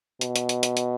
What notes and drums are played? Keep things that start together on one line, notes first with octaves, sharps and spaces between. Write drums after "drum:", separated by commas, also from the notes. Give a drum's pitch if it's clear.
B2, drum: hi-hat
drum: hi-hat
drum: hi-hat
drum: hi-hat
drum: hi-hat